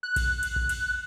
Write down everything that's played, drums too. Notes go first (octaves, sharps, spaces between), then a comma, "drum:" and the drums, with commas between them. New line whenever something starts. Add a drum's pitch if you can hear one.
F#6
drum: kick A#1, cymbal
drum: cymbal
drum: kick A#1
drum: cymbal